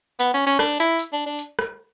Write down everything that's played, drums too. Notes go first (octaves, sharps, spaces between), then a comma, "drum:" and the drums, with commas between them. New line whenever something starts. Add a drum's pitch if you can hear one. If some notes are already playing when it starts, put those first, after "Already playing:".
B3, drum: hi-hat
C#4
C#4
D4, drum: rim click
E4, drum: hi-hat
drum: hi-hat
D4
D4
drum: hi-hat
drum: rim click